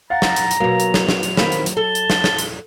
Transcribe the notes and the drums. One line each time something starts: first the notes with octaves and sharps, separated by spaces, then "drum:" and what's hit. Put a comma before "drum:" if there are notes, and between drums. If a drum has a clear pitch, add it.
F5 F#5 A#5 A6
drum: snare
drum: hi-hat
drum: hi-hat
B2 F#3 A#3 F7
drum: hi-hat
drum: snare
drum: snare
drum: hi-hat
D#3 A#3 C4 B5, drum: snare
drum: hi-hat
drum: hi-hat
A4 A5 G7
drum: hi-hat
drum: snare
drum: snare
drum: hi-hat